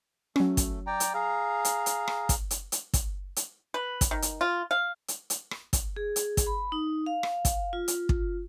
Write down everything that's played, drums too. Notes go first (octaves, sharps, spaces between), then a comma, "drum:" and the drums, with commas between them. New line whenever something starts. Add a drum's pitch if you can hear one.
F#3 A3 C#4, drum: rim click
drum: kick, hi-hat
D5 G5 A#5
drum: hi-hat
G#4 F5 A#5
drum: hi-hat
drum: hi-hat
drum: rim click
drum: kick, hi-hat
drum: hi-hat
drum: hi-hat
drum: kick, hi-hat
drum: hi-hat
B4
drum: kick, hi-hat
D#3
drum: hi-hat
F4
F5
drum: hi-hat
drum: hi-hat
drum: rim click
drum: kick, hi-hat
G#4
drum: hi-hat
drum: kick, hi-hat
B5
D#4
F5
drum: rim click
drum: kick, hi-hat
F4
drum: hi-hat
drum: kick